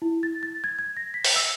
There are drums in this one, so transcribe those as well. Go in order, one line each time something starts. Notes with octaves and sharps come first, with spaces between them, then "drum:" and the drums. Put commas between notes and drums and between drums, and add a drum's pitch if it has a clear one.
E4
A6
A6
G#6
G#6
A#6
B6
drum: open hi-hat
E6